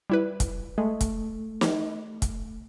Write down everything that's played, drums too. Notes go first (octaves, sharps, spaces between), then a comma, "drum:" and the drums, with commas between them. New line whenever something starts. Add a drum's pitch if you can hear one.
G3 E4 B4
drum: kick, hi-hat
G#3 A3
drum: kick, hi-hat
drum: snare
drum: kick, hi-hat